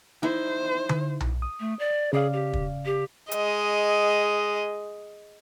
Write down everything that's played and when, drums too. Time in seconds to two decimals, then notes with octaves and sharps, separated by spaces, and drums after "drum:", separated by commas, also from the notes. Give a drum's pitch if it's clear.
0.23 D#4 E4 C5
0.89 drum: tom D3
1.20 drum: tom B1
1.42 D#6
1.60 A3
1.79 D5
2.13 C#3 G#4 D5 F5
2.33 G4
2.53 drum: kick
2.85 G4
3.31 G#3 D#5, drum: hi-hat